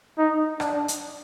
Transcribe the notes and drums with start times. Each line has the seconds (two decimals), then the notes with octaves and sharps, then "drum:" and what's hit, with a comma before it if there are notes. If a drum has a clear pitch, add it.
0.18 D#4
0.60 D4, drum: rim click
0.88 drum: hi-hat